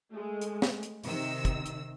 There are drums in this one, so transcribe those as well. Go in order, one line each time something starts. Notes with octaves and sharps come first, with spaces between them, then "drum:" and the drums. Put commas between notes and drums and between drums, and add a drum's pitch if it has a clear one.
G#3 A3
drum: hi-hat
drum: snare
drum: hi-hat
C3 D#3 E6, drum: open hi-hat
drum: kick, hi-hat
drum: hi-hat